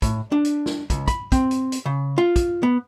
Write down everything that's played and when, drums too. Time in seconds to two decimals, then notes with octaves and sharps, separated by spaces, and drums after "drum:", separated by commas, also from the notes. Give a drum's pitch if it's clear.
0.02 A2, drum: kick, hi-hat
0.32 D4
0.45 drum: hi-hat
0.66 drum: snare
0.90 C#2, drum: kick, hi-hat
1.08 B5, drum: kick, hi-hat
1.32 C4, drum: kick, hi-hat
1.51 drum: hi-hat
1.72 drum: hi-hat
1.86 C#3
2.18 F4
2.36 drum: kick, hi-hat
2.63 B3